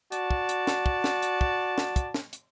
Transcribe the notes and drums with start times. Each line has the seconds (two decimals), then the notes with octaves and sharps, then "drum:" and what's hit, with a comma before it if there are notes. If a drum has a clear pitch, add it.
0.12 F#4 D5 A5, drum: hi-hat
0.31 drum: kick
0.49 drum: hi-hat
0.67 drum: snare
0.86 drum: kick
1.04 drum: snare
1.22 drum: hi-hat
1.41 drum: kick
1.78 drum: snare
1.96 drum: kick, hi-hat
2.14 drum: snare
2.33 drum: hi-hat